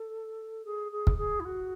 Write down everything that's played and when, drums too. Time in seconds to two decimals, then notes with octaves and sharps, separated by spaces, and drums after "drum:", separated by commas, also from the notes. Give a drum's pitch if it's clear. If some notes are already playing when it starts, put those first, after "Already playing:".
Already playing: A4
0.65 G#4
0.92 G#4
1.07 drum: kick
1.18 G#4
1.40 E4
1.45 F#4